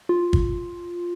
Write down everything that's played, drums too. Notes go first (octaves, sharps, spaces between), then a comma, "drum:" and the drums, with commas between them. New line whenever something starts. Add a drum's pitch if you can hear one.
F4
drum: kick G1